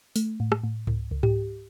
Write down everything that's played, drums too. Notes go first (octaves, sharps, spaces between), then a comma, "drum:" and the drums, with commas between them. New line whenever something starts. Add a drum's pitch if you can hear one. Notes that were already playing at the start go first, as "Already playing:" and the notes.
A3, drum: open hi-hat
A2
drum: rim click
A2
C#2, drum: tom G#2
C#2
G4, drum: tom G#2